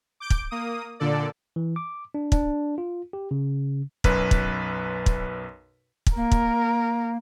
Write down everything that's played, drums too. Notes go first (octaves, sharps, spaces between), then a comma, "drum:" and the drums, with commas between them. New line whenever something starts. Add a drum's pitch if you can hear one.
D6 G6 D7
drum: kick
A#3 D#6
A#2 D3 A4 D5
E3
D6
D4
D4, drum: kick
F4
G4
C#3
B1 F#2 B4, drum: kick
drum: kick
drum: kick
drum: kick
A#3 A#4
drum: kick